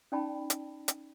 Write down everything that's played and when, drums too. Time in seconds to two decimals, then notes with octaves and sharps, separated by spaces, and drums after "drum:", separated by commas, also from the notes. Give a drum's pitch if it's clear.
0.12 C#4 D#4 D5 G5 A5 B5
0.50 drum: hi-hat
0.88 drum: hi-hat